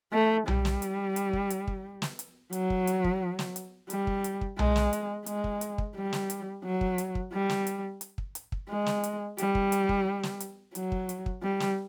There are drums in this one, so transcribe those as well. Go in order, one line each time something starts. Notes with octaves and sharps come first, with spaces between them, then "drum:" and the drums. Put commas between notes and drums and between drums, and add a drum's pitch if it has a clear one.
A3
G3, drum: tom B1
drum: snare
drum: hi-hat
drum: hi-hat
drum: kick
drum: hi-hat
drum: kick
drum: snare
drum: hi-hat
F#3, drum: hi-hat
drum: kick
drum: hi-hat
drum: kick
drum: snare
drum: hi-hat
G3, drum: hi-hat
drum: kick
drum: hi-hat
drum: kick
G#3, drum: tom B1
drum: snare
drum: hi-hat
G#3, drum: hi-hat
drum: kick
drum: hi-hat
drum: kick
G3
drum: snare
drum: hi-hat
F#3
drum: kick
drum: hi-hat
drum: kick
G3
drum: snare
drum: hi-hat
drum: hi-hat
drum: kick
drum: hi-hat
drum: kick
G#3
drum: snare
drum: hi-hat
G3, drum: hi-hat
drum: kick
drum: hi-hat
drum: kick
drum: snare
drum: hi-hat
F#3, drum: hi-hat
drum: kick
drum: hi-hat
drum: kick
G3
drum: snare